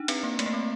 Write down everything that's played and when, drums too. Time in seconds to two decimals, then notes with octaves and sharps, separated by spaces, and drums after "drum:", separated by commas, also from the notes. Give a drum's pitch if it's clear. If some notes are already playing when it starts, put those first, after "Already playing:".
Already playing: D4 D#4
0.08 C4, drum: cymbal
0.23 A#3
0.39 A3, drum: cymbal
0.46 A#3
0.53 C4